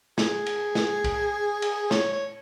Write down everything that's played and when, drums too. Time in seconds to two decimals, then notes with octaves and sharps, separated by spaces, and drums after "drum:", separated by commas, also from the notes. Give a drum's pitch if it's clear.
0.18 G#4, drum: snare
0.46 drum: cymbal
0.75 drum: snare
1.04 drum: kick, cymbal
1.62 drum: cymbal
1.91 C#5, drum: snare
2.13 C#5